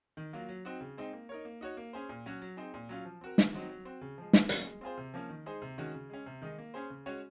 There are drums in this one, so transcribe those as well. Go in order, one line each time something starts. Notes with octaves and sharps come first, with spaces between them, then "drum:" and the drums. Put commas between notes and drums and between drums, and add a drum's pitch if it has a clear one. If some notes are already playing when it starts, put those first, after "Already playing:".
D#3
F#3 A#3 F4
F#3
C4 D#4 F#4
C#3
G#3 C4 D#4
A#3
D#4 A#4 C#5
A#3
D#4 F#4 C#5
A#3
C#4 G#4 C5
A#2
F#3 C#4 F#4
F#3
C4 D#4 G#4 C5
A#2
F#3 C#4 F4
F3
C4 F#4 A#4
D#3, drum: snare
F#3 C4 D#4 F#4
F#3
C4 F#4
C#3
F3 G#3
D#3, drum: snare
F#3 A#3 C#4 F#4, drum: hi-hat
G#3
C4 F4 G#4 C5
C3
F3 A#3 C#4
D#3
G#3 D#4 G#4 C5
C3
D#3 G#3 C#4 F#4
C#3
G#3 C#4
C3
D#3 G#3 D#4
A#3
C#4 G#4 C5
C#3
G#3 C#4 F#4 C#5